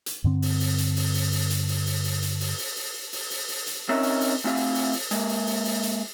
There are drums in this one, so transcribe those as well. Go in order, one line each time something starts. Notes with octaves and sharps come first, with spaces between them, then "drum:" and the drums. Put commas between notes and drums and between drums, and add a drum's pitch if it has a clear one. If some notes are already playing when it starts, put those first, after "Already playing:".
drum: hi-hat
G2 D3 C4
drum: open hi-hat
drum: open hi-hat
drum: hi-hat
drum: open hi-hat
drum: open hi-hat
drum: open hi-hat
drum: hi-hat
drum: open hi-hat
drum: open hi-hat
drum: open hi-hat
drum: hi-hat
drum: open hi-hat
drum: open hi-hat
drum: open hi-hat
drum: open hi-hat
drum: open hi-hat
drum: open hi-hat
drum: hi-hat
C4 C#4 D#4 A#4 C#5 E5
drum: open hi-hat
drum: open hi-hat
A3 C4 E4 F4 E5 F5
drum: open hi-hat
drum: open hi-hat
drum: open hi-hat
G#3 A#3, drum: hi-hat
drum: open hi-hat
drum: open hi-hat
drum: open hi-hat
drum: hi-hat